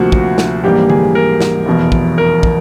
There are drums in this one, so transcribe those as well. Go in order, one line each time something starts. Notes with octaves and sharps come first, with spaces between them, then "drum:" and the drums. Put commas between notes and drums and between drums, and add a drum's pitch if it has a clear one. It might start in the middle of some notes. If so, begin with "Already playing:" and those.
Already playing: D2 C3 F3 A#3 F#4
drum: kick
drum: snare
A#1 G#2 E3 G3 A#3 G4
G#4, drum: tom D3
A#4
drum: snare
F1 E2 B2
drum: kick
A#4
drum: kick